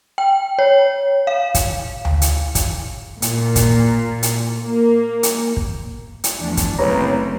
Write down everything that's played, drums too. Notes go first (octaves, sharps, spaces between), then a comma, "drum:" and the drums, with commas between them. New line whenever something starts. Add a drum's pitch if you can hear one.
G5
C#5
F5
drum: kick, hi-hat
drum: tom D2
drum: hi-hat
drum: kick, hi-hat
A#2, drum: hi-hat
drum: kick, hi-hat
drum: hi-hat
A#3
drum: hi-hat
drum: kick
drum: hi-hat
E2 F3 A3 D4
drum: kick, hi-hat
F#1 C2 A3 A#3 C4 B4 C#5 A#5